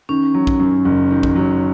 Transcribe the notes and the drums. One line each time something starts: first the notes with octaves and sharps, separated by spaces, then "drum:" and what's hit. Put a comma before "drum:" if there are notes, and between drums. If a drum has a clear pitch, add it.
D#3 C#4
F#3
drum: kick
F#2
F#1
D#3
drum: kick
F#3